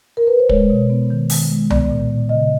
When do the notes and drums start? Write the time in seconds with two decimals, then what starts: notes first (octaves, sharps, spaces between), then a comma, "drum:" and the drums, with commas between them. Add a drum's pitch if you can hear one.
0.17 A#4
0.27 B4
0.39 C5
0.49 G#3 C#5, drum: kick
0.70 B2
0.90 B3
1.10 D#3
1.30 D#3, drum: open hi-hat
1.50 G#3
1.70 B3 D5, drum: tom C2
1.90 A#2
2.10 A#2
2.29 C#3 D#5